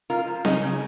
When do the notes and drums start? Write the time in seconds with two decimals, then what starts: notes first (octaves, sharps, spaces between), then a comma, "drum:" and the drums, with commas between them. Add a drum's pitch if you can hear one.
0.10 G#3 F4 A#4
0.27 F3
0.45 C#3 D#4 G#4, drum: snare C4
0.62 C#3